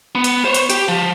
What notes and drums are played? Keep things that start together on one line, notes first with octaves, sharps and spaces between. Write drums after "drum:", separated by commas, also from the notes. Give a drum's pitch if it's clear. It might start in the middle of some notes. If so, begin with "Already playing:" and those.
B3
drum: hi-hat
C5 C#5
drum: hi-hat
G4, drum: hi-hat
F3